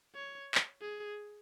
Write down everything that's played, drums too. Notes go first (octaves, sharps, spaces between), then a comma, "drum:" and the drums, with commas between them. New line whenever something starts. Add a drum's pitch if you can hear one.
C#5
drum: clap
G#4